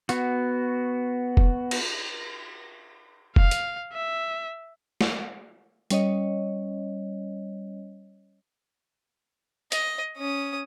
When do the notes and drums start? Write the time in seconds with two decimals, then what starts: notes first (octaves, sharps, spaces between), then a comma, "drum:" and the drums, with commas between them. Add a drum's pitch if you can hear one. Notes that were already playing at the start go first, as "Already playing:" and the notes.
0.09 B3 F#4, drum: hi-hat
1.37 drum: kick F1
1.71 drum: cymbal
3.36 F5, drum: kick F1
3.51 drum: hi-hat
3.93 E5
5.01 drum: snare
5.90 G3 C#4 C#5 D#5, drum: hi-hat
9.72 D#5, drum: hi-hat
10.17 C#4 D#6